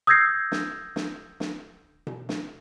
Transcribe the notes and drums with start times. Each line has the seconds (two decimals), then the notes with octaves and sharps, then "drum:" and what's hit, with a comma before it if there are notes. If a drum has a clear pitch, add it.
0.07 D#6 E6 G6 G#6 A#6 C7
0.52 drum: snare
0.96 drum: snare
1.40 drum: snare
2.07 drum: tom B2
2.29 drum: snare